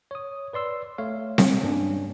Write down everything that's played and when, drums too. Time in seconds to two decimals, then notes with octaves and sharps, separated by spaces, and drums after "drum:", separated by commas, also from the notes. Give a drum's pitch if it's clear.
0.11 C#5 D#6
0.53 B4 D5 C6 E6
0.98 A3 C#5 F5
1.38 drum: snare C4
1.64 G2 A#3 C#4 D4